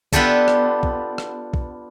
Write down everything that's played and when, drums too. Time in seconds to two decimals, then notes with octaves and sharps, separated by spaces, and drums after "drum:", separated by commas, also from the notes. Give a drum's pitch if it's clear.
0.13 B3 D4 F4 G4 A4 E5, drum: kick
0.48 drum: rim click
0.83 drum: kick
1.18 drum: rim click
1.54 drum: kick